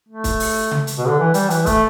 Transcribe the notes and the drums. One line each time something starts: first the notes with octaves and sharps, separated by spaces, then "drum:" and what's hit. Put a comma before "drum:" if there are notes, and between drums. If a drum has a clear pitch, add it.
A3
drum: kick, hi-hat
drum: open hi-hat
drum: tom C#3
drum: hi-hat
B2
D3
E3
G3, drum: hi-hat
E3, drum: hi-hat
A3, drum: kick, hi-hat